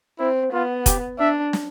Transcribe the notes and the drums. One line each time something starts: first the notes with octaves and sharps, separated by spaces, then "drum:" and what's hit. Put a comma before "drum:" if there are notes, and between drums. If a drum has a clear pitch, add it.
C4 E4
B3 F4
G4, drum: kick F1, hi-hat
D4 E5
drum: snare